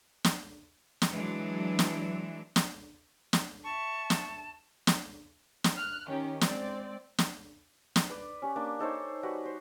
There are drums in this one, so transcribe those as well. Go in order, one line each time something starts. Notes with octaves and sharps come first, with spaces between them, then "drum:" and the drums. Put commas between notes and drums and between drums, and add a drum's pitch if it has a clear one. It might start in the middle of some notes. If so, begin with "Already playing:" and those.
drum: snare
drum: snare
E3 F#3 G#3 D4
drum: snare
drum: snare
drum: snare
E5 A5 C#6
drum: snare
drum: snare
drum: snare
F6 F#6
D#3 C#4 G4
G#3 C4 D5, drum: snare
drum: snare
drum: snare
B4 D5
C#4 G4
A#3 D4
D#4 A4 C5 C#5
G3 F#4 B4 G#5
C5